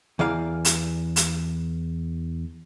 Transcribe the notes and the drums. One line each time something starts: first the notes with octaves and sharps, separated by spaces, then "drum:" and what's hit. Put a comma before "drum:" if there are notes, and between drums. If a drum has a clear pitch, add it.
E2 E3 D5 F5 A#5
drum: hi-hat
drum: hi-hat